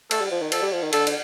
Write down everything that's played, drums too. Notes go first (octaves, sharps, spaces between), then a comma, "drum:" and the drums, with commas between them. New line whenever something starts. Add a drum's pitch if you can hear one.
A3 A4, drum: cymbal
G3
F3
D#3
F3 A4, drum: cymbal
G3
F3
D#3
D3 A4, drum: cymbal
drum: cymbal